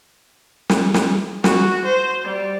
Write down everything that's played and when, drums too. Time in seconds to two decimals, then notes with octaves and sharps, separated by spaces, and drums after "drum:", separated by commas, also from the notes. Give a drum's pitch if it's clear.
0.69 drum: snare
0.94 drum: snare
1.44 F#4, drum: snare
1.86 C5
2.25 G3